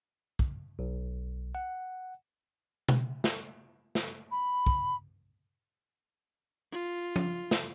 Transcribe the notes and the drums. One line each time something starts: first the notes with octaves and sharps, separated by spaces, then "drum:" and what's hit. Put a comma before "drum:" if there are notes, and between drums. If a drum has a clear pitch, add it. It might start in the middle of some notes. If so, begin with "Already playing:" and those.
drum: kick
B1
F#5
drum: tom B2
drum: snare
drum: snare
B5
drum: kick
F4
drum: tom
drum: snare